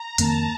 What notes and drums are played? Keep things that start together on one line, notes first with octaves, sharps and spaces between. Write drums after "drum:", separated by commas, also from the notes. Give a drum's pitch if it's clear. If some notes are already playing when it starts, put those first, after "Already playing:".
Already playing: A#5
F2 D#3 A#3 A5, drum: hi-hat